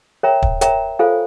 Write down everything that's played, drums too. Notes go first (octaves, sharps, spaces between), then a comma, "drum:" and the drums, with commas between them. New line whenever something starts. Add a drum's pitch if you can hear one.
A#4 C#5 E5 G5 A#5
drum: kick
A#4 C#5 E5 G5 A#5, drum: hi-hat
F4 A4 C5 F5 G#5